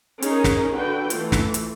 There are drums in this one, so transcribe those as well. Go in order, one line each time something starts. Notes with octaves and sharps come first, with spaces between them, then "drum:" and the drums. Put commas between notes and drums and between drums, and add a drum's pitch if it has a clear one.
C#4 D#4 G#4 A#4, drum: hi-hat
drum: snare
D3 F#4 B4 G5
E3 A3 F4, drum: hi-hat
drum: snare
drum: hi-hat